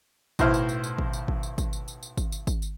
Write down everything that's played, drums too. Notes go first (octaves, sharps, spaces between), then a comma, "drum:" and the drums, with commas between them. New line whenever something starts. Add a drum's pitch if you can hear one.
B1 A2 E4 C5 F6, drum: kick G#1, tambourine
drum: tambourine
drum: tambourine
drum: tambourine
drum: kick G#1
drum: tambourine
drum: kick G#1
drum: tambourine
drum: kick G#1, tambourine
drum: tambourine
drum: tambourine
drum: tambourine
drum: kick G#1, tambourine
drum: tambourine
drum: kick G#1, tambourine
drum: tambourine